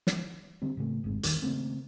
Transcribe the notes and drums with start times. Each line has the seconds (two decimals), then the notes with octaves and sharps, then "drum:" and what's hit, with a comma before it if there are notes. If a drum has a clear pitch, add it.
0.07 drum: snare
0.62 D3 G3 C4
0.77 A2 C#3 A3
1.04 G#1 F2 G#2
1.23 A#1 E2 D#3 G3, drum: hi-hat
1.42 C#3 A3 A#3 C4